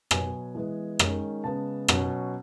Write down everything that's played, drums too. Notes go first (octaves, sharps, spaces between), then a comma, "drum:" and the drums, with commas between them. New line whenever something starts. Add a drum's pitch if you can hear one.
B2 F#3 B3 G#5, drum: rim click
E3 G#3 B3
D#3 G#3 C#4, drum: rim click
C#3 G#3 B3 A5
B2 F#3 C#4, drum: rim click